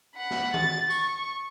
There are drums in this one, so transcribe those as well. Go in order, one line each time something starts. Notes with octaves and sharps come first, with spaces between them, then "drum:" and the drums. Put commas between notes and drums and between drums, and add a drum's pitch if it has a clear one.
F#5 B5
drum: snare
A6, drum: tom D#3
C#6, drum: tambourine